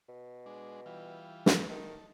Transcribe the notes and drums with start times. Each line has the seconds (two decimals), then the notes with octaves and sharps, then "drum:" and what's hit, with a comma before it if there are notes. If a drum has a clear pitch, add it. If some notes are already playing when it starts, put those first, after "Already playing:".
0.09 B2
0.46 G#3 D4
0.86 E3 G3 F4
1.46 drum: snare
1.70 D#3 A4